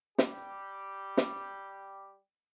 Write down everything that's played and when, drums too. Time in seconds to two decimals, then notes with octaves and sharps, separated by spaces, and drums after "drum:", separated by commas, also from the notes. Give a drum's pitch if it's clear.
0.18 G3 G4, drum: snare
1.17 drum: snare